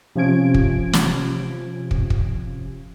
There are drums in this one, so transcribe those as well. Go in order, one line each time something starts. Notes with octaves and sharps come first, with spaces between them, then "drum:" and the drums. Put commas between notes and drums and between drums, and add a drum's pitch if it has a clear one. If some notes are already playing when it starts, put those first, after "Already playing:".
C3 F3 C#4 G#6 D7
drum: kick
drum: snare
drum: kick
drum: kick